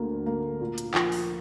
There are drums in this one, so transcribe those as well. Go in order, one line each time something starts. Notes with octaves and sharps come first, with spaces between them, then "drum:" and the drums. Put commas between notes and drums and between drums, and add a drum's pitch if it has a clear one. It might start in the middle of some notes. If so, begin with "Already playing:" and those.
Already playing: D2 D3 A#3
A#3
A#2
drum: hi-hat
F3, drum: clap
drum: open hi-hat